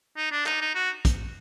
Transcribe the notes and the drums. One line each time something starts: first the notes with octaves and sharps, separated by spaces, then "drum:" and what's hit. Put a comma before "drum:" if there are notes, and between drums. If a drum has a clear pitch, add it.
D#4
D4
D#4, drum: clap
D#4
F#4
drum: kick, hi-hat